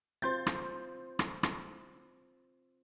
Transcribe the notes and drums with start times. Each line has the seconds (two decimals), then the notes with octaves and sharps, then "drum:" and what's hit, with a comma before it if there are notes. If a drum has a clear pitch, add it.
0.22 C4 F4 C5 C6 G6 A6
0.47 drum: rim click
1.19 drum: rim click
1.43 drum: rim click